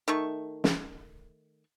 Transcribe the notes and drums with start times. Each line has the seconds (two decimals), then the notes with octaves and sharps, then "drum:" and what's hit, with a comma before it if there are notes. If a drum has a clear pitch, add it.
0.08 D#3 A3 C#6
0.64 drum: snare